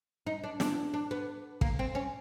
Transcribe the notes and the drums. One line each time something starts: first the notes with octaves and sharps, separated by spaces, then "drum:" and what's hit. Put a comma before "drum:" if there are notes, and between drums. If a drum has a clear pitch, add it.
D#4
D4
D4, drum: snare
D4
B3
A#3, drum: kick
C4
C#4